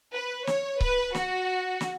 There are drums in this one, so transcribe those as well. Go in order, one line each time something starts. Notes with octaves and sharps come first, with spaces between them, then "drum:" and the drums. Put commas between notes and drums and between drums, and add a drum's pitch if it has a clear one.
B4
C#5, drum: snare
B4, drum: kick C#1
F#4, drum: snare
drum: snare